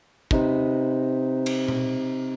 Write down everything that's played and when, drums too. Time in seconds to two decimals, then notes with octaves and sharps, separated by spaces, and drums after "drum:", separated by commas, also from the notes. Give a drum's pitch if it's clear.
0.31 C3 D#4 B4, drum: kick
1.46 drum: cymbal
1.68 drum: tom B2